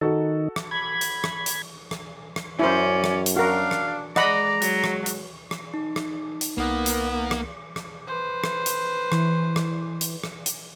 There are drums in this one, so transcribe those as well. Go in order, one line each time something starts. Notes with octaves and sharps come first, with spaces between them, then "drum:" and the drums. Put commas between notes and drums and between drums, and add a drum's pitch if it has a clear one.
D#3 D#4 F#4 A4
drum: rim click
B5 G#6
drum: hi-hat
drum: rim click
drum: hi-hat
drum: rim click
drum: rim click
F#2 C#4 E4 C5 D5
drum: rim click
drum: hi-hat
D4 F#4 A#4 F5
drum: rim click
G#3 D5 D#5 F#5 A#5 B5, drum: rim click
F#3, drum: hi-hat
drum: rim click
drum: hi-hat
drum: rim click
D#4
drum: rim click
drum: hi-hat
C2 D#3 A#3 B3 A#4 F#6
drum: hi-hat
drum: rim click
drum: rim click
B4 C5
drum: rim click
drum: hi-hat
E3, drum: rim click
drum: rim click
drum: hi-hat
drum: rim click
drum: hi-hat